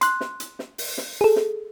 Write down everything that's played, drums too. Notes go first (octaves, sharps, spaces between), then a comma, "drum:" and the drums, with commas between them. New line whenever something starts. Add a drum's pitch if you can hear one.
C6 F#6, drum: hi-hat
drum: snare
drum: hi-hat
drum: snare
drum: open hi-hat
drum: snare
G#4 A4
drum: snare